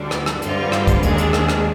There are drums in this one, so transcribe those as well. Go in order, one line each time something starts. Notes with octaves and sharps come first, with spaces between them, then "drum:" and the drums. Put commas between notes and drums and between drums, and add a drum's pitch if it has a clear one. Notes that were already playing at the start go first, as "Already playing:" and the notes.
Already playing: D2 D3 G3 D4
drum: rim click
drum: rim click
G2 D3 G3 C4 F4, drum: hi-hat
drum: rim click
drum: kick, hi-hat
D#2 D#3 G#3 D4 G#4, drum: hi-hat
drum: hi-hat
drum: rim click
drum: rim click